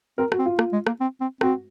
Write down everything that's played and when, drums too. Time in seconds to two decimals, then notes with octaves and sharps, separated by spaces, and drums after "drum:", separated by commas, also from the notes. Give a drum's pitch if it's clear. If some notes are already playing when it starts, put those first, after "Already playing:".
0.18 C4 A#4
0.32 F#4, drum: rim click
0.39 C4
0.46 F4
0.59 A#3, drum: rim click
0.73 G#3
0.87 A#3, drum: rim click
1.01 C4
1.21 C4
1.41 C4 F#4, drum: rim click